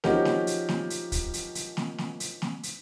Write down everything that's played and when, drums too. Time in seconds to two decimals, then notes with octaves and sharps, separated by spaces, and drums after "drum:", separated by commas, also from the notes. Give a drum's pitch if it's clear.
0.04 F3 C#4 D#4 F#4 G4 A#4, drum: snare
0.25 drum: snare
0.47 drum: hi-hat
0.69 drum: snare
0.90 drum: hi-hat
1.12 drum: kick, hi-hat
1.33 drum: hi-hat
1.55 drum: hi-hat
1.77 drum: snare
1.98 drum: snare
2.20 drum: hi-hat
2.42 drum: snare
2.63 drum: hi-hat